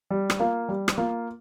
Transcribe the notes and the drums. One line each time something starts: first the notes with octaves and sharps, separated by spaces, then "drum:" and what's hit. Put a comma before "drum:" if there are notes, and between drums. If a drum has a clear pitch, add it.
G3
drum: rim click
A#3 F4
G3
drum: rim click
A#3 F4